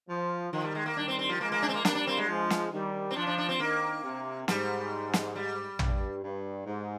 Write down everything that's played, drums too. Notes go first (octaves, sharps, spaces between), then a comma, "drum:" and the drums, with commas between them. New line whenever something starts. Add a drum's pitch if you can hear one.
F3
D#3 F3
G3
G#3
A#3
D#3 G3 D4
C4
C4
F3
F3 G#3 A#3
A#3
D4
C4
A#3
G3 A#3 D4, drum: snare
D4
C4
G#3
F3 G#3
drum: snare
D#3 G3
C4
F3 D4
D4
D4
C4
D#3 A#3
C3
G#2 G3, drum: snare
drum: snare
G3
G2, drum: tom
G2
G#2